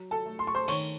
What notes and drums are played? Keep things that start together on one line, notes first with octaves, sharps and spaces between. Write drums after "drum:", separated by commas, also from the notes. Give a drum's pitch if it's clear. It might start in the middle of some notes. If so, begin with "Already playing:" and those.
Already playing: F#3
A4 A5
A3
C6
C#6
C5 C6
D#3 C#5 C#6, drum: cymbal